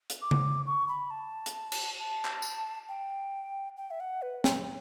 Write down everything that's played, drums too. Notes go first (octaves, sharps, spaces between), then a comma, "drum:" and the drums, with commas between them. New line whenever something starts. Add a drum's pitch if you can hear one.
drum: hi-hat
D6
drum: tom C#3
C#6
B5
A5
drum: hi-hat
drum: cymbal
A5
drum: clap
drum: tambourine
G5
G5
E5
F#5
B4
C#5, drum: snare